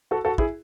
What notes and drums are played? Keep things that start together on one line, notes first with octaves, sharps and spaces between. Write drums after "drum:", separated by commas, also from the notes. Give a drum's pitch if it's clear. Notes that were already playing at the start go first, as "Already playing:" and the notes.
F#4 A4
F#4 A4
E4 G#4, drum: kick